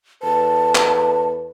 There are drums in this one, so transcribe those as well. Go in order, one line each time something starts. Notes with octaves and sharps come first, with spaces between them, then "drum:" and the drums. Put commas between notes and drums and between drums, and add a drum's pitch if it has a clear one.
E2 A4 B4 A5
drum: clap